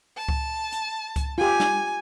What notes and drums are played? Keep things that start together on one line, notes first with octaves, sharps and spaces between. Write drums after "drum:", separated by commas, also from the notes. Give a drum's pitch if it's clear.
A5
drum: kick C#2
drum: hi-hat
drum: kick C#2, hi-hat
F4 G4 G#5
drum: snare